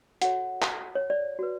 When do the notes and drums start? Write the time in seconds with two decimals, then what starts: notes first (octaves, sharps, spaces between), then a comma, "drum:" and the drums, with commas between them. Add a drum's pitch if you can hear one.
0.22 F#4 A4 C#5 F#5, drum: hi-hat
0.62 drum: clap
0.95 C#5
1.10 D5
1.39 F#4 B4